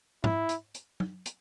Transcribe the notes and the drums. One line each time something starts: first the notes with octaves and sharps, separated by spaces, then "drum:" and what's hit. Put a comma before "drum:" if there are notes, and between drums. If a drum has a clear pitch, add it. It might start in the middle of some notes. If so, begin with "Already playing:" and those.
E4, drum: tom G#2
drum: hi-hat
drum: hi-hat
drum: tom
drum: hi-hat